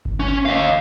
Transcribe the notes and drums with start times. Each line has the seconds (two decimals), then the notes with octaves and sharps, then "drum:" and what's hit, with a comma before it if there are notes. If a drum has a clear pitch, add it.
0.05 drum: kick G1
0.20 C#4
0.46 D#5 F5